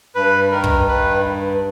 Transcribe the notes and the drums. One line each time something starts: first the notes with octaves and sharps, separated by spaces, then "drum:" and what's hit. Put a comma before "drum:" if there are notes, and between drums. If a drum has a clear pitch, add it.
G2 B4
D#3 A#4
drum: kick
G2 B4